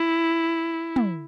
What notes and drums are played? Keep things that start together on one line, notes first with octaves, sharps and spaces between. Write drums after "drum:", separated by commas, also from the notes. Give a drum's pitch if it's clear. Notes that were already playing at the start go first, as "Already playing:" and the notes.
Already playing: E4
drum: tom